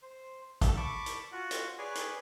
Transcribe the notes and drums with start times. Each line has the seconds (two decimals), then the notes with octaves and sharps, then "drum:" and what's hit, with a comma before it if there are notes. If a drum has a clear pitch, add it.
0.02 C5
0.61 A4, drum: kick, hi-hat
0.77 A5 B5 C#6 D6
1.06 drum: hi-hat
1.32 F4 F#4 F#5
1.51 drum: hi-hat
1.78 G#4 B4 C#5 D5 G#5
1.95 drum: hi-hat